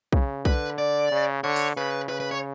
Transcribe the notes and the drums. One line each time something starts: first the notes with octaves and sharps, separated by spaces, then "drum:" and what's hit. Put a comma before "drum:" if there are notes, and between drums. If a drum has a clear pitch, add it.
C#3, drum: kick B1
D3 B4, drum: kick B1
D5
C#3
D3 C#5
drum: open hi-hat
C#3 B4
C#3 B4
B4
C#5